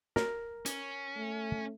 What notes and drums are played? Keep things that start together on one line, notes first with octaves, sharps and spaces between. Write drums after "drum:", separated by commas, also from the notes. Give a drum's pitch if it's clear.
A#4, drum: snare
C#4, drum: hi-hat
A3